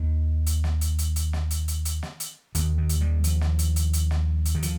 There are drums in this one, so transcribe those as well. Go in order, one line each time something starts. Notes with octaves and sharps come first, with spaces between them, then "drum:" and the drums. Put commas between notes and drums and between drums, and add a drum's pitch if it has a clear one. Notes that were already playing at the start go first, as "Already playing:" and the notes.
Already playing: D#2 D#3
drum: hi-hat
drum: snare
drum: hi-hat
drum: hi-hat
drum: hi-hat
drum: snare
drum: hi-hat
drum: hi-hat
drum: hi-hat
drum: snare
drum: hi-hat
D#2 D#3, drum: hi-hat
D#3
drum: hi-hat
D#3 G3
F3, drum: hi-hat
drum: snare
drum: hi-hat
drum: hi-hat
drum: hi-hat
drum: snare
drum: hi-hat
D#3
F3, drum: hi-hat